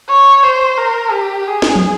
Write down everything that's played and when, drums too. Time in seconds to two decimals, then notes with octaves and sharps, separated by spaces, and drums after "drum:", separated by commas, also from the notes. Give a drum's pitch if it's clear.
0.09 C#5
0.43 C5
0.78 A#4
1.12 G4
1.47 G#4
1.62 drum: snare
1.76 drum: tom